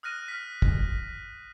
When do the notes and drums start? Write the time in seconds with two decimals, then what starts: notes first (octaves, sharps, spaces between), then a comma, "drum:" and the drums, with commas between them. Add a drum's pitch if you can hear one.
0.03 D#6 F6 F#6 A#6 D#7
0.28 F6 B6
0.62 drum: kick